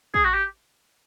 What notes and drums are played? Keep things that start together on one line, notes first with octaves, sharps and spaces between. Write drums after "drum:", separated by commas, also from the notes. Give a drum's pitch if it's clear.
G#4, drum: kick
F#4
G4